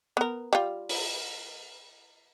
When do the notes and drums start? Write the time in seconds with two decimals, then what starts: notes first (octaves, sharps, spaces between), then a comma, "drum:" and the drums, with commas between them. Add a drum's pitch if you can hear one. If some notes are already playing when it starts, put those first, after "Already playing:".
0.17 B3 A#4
0.53 G3 F4
0.89 drum: open hi-hat